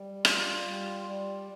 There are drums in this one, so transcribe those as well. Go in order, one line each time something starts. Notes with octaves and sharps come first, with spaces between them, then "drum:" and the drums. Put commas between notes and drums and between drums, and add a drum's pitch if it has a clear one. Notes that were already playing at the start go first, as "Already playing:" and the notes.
Already playing: G3
F4, drum: rim click
G3
G3